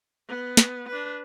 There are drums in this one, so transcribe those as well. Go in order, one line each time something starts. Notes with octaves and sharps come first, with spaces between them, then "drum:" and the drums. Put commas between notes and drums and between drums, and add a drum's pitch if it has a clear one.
B3
drum: snare
D4 B4